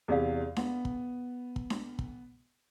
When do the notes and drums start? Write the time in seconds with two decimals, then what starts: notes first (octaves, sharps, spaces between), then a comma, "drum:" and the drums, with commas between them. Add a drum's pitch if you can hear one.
0.08 E2 C3 G#4 D5 F5
0.56 B3, drum: snare D4
0.85 drum: kick
1.56 drum: kick
1.70 drum: snare D4
1.99 drum: kick